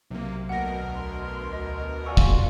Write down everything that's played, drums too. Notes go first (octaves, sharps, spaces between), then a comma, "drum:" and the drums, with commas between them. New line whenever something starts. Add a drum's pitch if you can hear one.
B1 C3 A#3
D2 B2 A#4 F#5 A#6
C6
D#5
F4 F#4 D5 G#5 C#6 E6
drum: kick